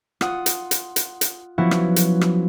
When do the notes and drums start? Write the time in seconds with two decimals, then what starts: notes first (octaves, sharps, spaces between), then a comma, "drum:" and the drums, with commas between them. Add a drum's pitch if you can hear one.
0.21 F4 F#5 D#6, drum: rim click
0.46 drum: hi-hat
0.71 drum: hi-hat
0.96 drum: hi-hat
1.21 drum: hi-hat
1.58 F3 F#3 B3 C#4 E4 F#4
1.71 drum: rim click
1.96 drum: hi-hat
2.21 drum: rim click